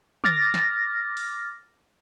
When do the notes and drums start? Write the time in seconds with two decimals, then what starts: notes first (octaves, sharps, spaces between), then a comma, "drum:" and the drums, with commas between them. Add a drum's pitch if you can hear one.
0.24 D6 F6 A6 A#6, drum: tom
0.54 drum: snare
1.17 drum: open hi-hat